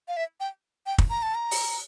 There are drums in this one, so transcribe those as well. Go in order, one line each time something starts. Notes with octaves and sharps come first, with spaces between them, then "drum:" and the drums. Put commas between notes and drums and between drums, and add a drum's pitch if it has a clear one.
F5
E5
G5
G5
drum: kick
A#5
A5
A#5
drum: open hi-hat